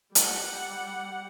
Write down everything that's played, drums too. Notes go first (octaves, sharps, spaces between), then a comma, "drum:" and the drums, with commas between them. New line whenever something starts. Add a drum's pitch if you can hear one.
G3 F#5, drum: hi-hat